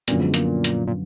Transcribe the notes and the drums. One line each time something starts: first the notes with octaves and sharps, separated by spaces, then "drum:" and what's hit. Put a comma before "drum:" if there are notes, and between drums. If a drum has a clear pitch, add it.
F#2 A#2 D3 F3 B3, drum: hi-hat
G#2
A#2, drum: hi-hat
drum: hi-hat
A#2